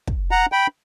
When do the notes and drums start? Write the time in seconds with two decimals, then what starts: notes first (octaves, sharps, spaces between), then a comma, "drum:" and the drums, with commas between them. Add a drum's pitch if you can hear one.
0.07 drum: kick
0.31 F#5 A#5
0.52 G5 B5